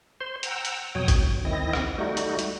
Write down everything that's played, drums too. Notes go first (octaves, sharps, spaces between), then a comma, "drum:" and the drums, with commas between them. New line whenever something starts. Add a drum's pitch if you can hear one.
C5 C6
F#5 G5 A#5 E6, drum: hi-hat
drum: hi-hat
F2 B2 F#3 C#5 G5 D#6
drum: kick G#1, hi-hat
G2
D2 D#3 C4 E4 D#5 A#6
drum: rim click
G3 A3 D#4 F#4
drum: hi-hat
drum: hi-hat